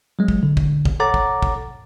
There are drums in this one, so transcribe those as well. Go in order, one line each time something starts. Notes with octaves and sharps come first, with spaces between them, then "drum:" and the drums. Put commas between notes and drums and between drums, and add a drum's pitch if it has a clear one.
F#3 G#3
drum: kick
D3
drum: kick
drum: kick
A4 C#5 F#5 A#5 D6 A6
drum: kick
drum: kick